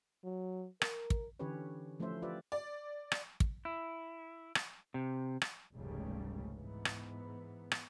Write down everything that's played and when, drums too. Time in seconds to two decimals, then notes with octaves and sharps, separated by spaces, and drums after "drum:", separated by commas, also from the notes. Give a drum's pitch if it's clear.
0.24 F#3
0.82 A#4, drum: rim click
1.10 drum: kick
1.39 D3 E3 C#4 G4 B4 C#5
2.00 F3 A3 C#4 E4 C5 E5
2.22 F4 G4 B4 C5 D5 E5
2.52 D5
3.12 drum: rim click
3.40 drum: kick
3.65 E4
4.55 drum: rim click
4.94 C3
5.42 drum: rim click
5.74 F1 C#2 G#2 C#3 G3 A3
6.54 G#2 E3 B3
6.85 drum: rim click
7.72 drum: rim click